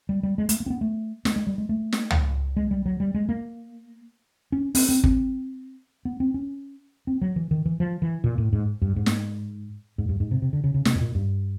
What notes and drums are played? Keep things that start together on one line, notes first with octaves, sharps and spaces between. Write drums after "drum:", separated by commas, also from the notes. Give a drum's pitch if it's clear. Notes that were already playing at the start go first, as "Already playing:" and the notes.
G3
G3
G#3
A3, drum: hi-hat
A#3
C4
B3
A3
A3, drum: snare
G#3
G3
G#3
A3
drum: snare
drum: tom C#2
G#3
G3
F#3
G3
G#3
A#3
C#4
C4, drum: open hi-hat
C4
C4, drum: kick
B3
C4
C#4
C4
F#3
E3
D#3
E3
F3
E3
A#2
A2
G#2
G2
G#2
drum: snare
G#2
G2
G#2
C3
C3
D3
C#3
C#3
C3, drum: snare
A2
A#2
G2